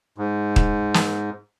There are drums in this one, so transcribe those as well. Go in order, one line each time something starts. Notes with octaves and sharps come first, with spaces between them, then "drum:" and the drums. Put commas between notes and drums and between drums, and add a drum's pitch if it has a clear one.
G#2
drum: kick D#1
drum: snare